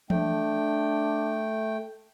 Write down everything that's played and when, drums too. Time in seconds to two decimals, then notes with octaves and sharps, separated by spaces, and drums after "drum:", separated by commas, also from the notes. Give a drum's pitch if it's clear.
0.10 A3 D4 G5, drum: tom E3